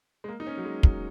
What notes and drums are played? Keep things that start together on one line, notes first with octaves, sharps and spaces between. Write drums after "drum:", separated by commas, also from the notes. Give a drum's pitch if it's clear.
G#3
A#3
D#4
C#4
F#3
G#3
F#3, drum: kick